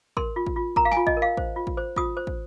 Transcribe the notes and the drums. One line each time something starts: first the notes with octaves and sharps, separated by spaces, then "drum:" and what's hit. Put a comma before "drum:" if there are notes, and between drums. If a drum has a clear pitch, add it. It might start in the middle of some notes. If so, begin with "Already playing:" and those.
A#4 C6, drum: kick
F4
drum: kick
F4
A#4 A#5, drum: kick
F5
G#5, drum: snare
F4
D#5, drum: kick
A#4
F5
C5, drum: kick
F4
drum: kick
C5
F4 D#6, drum: kick
C5
drum: kick